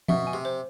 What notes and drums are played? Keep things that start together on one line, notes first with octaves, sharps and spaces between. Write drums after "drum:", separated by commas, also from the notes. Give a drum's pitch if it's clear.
B2 E5, drum: tom F3
G#5
C3
C5